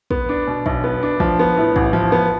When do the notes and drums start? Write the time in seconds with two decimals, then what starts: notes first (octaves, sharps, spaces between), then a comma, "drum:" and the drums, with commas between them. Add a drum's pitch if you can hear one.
0.11 B3, drum: kick
0.29 D4
0.47 B2
0.66 B1, drum: kick
0.84 B3
1.03 D4
1.20 F3, drum: kick
1.39 B3
1.57 A2
1.76 A1, drum: kick
1.93 F3
2.12 B3